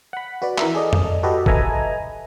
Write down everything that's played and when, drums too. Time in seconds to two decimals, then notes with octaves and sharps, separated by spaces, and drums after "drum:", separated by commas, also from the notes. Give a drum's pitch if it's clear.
0.13 F#5 B5
0.42 F#4 B4 D5
0.58 E3 A#4 E5, drum: clap
0.75 G#4 A4 D5 D#5
0.93 drum: tom F2
1.23 F#4 G4 A4 B4 D#5
1.46 A4 B4 D#5 E5 G#5 A#5, drum: kick